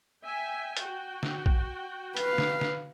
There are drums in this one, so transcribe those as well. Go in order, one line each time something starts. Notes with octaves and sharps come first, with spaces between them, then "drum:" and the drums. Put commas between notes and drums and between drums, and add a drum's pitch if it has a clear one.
E5 G5 G#5
F#4 G5, drum: hi-hat
drum: snare
drum: kick
B4 F5, drum: hi-hat
drum: snare
drum: snare